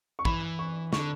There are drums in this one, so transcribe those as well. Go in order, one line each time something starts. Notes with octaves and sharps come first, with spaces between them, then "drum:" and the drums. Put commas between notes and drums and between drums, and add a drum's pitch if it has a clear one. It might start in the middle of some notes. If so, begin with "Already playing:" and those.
C#6
E3 B5, drum: kick
C#6
D3 C#6, drum: snare